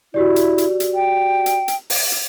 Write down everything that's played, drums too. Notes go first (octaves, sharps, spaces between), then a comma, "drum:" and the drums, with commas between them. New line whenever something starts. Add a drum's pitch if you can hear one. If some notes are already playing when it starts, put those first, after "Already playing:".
E4 F#4 G4 D5
drum: hi-hat
drum: hi-hat
drum: hi-hat
G5
drum: hi-hat
drum: hi-hat
drum: open hi-hat
drum: hi-hat